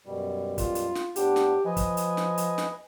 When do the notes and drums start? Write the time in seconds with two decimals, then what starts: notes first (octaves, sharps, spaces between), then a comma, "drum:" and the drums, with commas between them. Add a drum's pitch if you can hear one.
0.06 F#2 B2 G3
0.58 F4, drum: kick, hi-hat
0.75 drum: hi-hat
0.95 drum: snare
1.16 A2 B3 D4 G4, drum: hi-hat
1.36 drum: snare
1.65 F3 B4 D#5 G#5
1.77 drum: kick, hi-hat
1.97 drum: hi-hat
2.17 drum: snare
2.38 drum: hi-hat
2.58 drum: snare